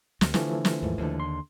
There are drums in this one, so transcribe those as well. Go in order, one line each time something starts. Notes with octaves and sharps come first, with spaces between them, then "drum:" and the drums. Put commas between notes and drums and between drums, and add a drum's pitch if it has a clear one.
D2, drum: snare
D3 E3 F3 A3, drum: snare
drum: snare
D#2 G#2
D#2 D3
C6